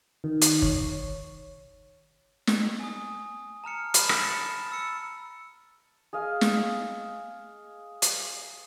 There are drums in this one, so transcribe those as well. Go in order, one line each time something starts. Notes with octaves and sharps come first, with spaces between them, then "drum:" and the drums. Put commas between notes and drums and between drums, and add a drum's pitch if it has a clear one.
D#3
drum: hi-hat
C#5, drum: kick G1
drum: snare
G#5 D#6
A5 A#5 F6 C#7
B5 E7, drum: hi-hat
drum: rim click
A6 C#7
E6 C#7
G#4 D#5 F5
drum: snare
drum: hi-hat